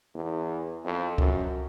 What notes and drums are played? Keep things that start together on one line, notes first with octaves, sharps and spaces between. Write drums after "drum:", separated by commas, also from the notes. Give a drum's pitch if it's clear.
E2
F2
F#2, drum: kick C#2